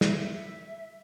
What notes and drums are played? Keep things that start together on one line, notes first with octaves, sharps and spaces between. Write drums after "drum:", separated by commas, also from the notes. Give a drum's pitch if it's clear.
E5, drum: snare